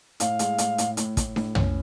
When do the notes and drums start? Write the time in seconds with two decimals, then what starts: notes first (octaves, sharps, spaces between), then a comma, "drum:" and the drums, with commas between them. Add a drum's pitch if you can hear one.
0.20 A2 F5, drum: hi-hat
0.39 G#3, drum: hi-hat
0.58 A2, drum: hi-hat
0.78 A2, drum: hi-hat
0.97 A2, drum: hi-hat
1.17 A2, drum: kick, hi-hat
1.36 A2, drum: snare D4
1.55 C#4, drum: tom